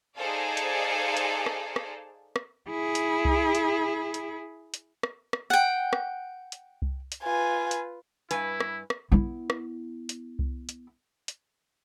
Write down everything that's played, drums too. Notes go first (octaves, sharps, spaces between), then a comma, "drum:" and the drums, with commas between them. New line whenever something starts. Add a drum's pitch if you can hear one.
D#4 G#4 A4 C5 D5 F5
drum: hi-hat
drum: hi-hat
drum: rim click
drum: rim click
drum: rim click
E4 G#4
drum: hi-hat
drum: kick C2
drum: hi-hat
drum: hi-hat
drum: hi-hat
drum: rim click
drum: rim click
F#5 G5
drum: rim click
drum: hi-hat
drum: kick C2
drum: hi-hat
F4 B4 G#5
drum: hi-hat
G2 E4 B4 G#5, drum: hi-hat
drum: rim click
drum: rim click
B3 E4
drum: rim click
drum: hi-hat
drum: kick C2
drum: hi-hat
drum: hi-hat